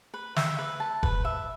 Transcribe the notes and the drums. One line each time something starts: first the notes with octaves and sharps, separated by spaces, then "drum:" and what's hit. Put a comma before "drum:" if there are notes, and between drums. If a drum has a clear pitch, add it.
B4
E5, drum: snare
B4
A5
B4, drum: kick F1
E5